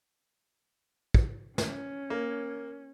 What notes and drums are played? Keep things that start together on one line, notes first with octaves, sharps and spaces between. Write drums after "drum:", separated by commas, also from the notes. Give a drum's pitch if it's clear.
drum: kick
C#4, drum: snare
A#3